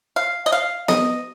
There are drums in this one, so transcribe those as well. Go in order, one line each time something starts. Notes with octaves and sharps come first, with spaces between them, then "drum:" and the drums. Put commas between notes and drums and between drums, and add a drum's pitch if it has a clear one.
F5
D#5
F5
D#5, drum: snare B3